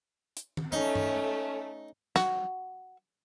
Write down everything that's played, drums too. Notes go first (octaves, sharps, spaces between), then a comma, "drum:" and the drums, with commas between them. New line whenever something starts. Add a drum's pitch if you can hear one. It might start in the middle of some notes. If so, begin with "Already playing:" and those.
drum: hi-hat
drum: tom D#3
A3 C#4 D#4
drum: tom G2
F#4, drum: snare